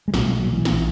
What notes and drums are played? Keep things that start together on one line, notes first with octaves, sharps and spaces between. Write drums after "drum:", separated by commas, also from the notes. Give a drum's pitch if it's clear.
G#3
B1 A#2 F#3, drum: snare
G#3
F#3
E3
A#1, drum: snare